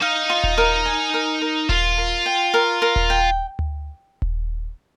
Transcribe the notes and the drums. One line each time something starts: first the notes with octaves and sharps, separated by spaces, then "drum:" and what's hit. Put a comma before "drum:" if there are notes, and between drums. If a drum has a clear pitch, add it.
D#4 F5
F4
drum: kick D#1
A#4
G#5
A#4
A#4
F4 A#4, drum: kick D#1
A#4
G5
A#4
A#4
drum: kick D#1
G5
drum: tom D2
drum: kick D#1